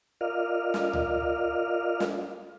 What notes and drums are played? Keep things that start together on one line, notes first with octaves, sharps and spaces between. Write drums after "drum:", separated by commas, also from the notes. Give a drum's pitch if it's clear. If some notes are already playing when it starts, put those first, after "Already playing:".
F4 A#4 D5 D#5 F5 F6
drum: snare
drum: tom C#2
drum: snare